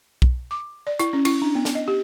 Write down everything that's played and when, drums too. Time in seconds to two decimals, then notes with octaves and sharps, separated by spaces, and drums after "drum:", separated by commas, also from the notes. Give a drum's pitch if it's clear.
0.22 drum: kick
0.51 D6
0.87 D5
0.99 E4, drum: hi-hat
1.13 C#4
1.25 E4, drum: cymbal
1.42 D4
1.55 B3
1.65 drum: snare
1.75 D#5
1.88 G4